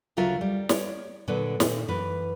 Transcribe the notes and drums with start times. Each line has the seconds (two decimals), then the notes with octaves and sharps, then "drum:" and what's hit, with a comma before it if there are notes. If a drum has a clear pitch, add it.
0.17 D2 C#3 F#3 F4 A#4 E5
0.41 G3
0.69 C#5 D5, drum: snare
1.28 A#2 D3 F#3 B4 D5
1.60 A#2 D#3 C4, drum: snare
1.88 F#2 E3 B4